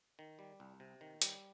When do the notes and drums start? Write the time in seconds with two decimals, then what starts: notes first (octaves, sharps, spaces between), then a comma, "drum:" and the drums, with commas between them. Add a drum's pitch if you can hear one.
0.19 D#3
0.39 G3
0.60 C2
0.80 C3
1.01 D#3
1.22 G3, drum: hi-hat